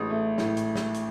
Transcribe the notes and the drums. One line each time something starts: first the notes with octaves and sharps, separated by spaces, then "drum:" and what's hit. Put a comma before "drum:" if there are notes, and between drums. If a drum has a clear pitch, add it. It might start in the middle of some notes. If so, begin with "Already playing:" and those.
Already playing: A1 G#3 D#6
A3
A2, drum: snare
drum: hi-hat
drum: snare
drum: hi-hat